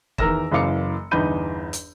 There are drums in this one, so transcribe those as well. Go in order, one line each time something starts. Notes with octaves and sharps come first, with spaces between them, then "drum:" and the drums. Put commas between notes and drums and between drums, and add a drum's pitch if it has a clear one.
E2 D#3 A#4 E6 A#6 E7, drum: kick
F#1 F#2 E3 F5 D6 C#7
G1 E2 D#4 B5 G6 D#7
drum: hi-hat